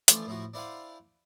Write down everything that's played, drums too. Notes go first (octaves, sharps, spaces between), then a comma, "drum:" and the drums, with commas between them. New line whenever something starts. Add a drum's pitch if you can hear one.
E3 F3 A3 C#4 D4 F4, drum: hi-hat
A2 F3 E4 F#4
D4 E4 C5 F5 F#5 G#5